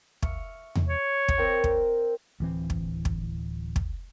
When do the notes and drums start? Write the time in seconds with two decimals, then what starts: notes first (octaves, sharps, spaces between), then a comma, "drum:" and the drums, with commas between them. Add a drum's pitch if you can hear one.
0.22 E5 C#6 F6, drum: kick
0.75 drum: tom E2
0.87 C#5
1.28 drum: kick
1.38 C4 A#4 G5
1.64 drum: kick
2.40 D1 E3 C4
2.70 drum: kick
3.05 drum: kick
3.76 drum: kick